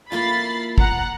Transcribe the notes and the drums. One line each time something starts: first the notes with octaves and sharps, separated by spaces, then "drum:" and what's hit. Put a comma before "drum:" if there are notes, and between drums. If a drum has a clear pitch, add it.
A#3 E4 F4 B5 A6 C7
F#5 A#5, drum: kick